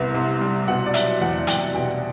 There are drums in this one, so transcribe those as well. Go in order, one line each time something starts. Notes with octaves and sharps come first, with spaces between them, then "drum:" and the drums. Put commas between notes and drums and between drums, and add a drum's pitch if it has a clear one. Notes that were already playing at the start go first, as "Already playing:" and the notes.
Already playing: C2 C3 B3
C3
G3
B2 F#5
D5
F#3 E5, drum: hi-hat
E2 F#5
E2 G5, drum: hi-hat
B2 G5